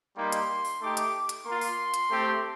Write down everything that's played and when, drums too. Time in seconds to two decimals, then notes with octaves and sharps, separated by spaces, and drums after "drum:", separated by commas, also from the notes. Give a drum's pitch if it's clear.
0.17 G3 A#3 D#4 G4 C6
0.32 drum: hi-hat
0.65 drum: open hi-hat
0.81 A3 D#4 G4 D6
0.97 drum: hi-hat
1.29 drum: hi-hat
1.45 A#3 F4 C6
1.61 drum: open hi-hat
1.94 drum: hi-hat
2.10 A3 C4 G4